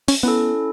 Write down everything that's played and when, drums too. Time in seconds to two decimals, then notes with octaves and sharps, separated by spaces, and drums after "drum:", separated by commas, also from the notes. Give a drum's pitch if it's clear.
0.08 C#4, drum: open hi-hat
0.23 B3 C#4 E4 A4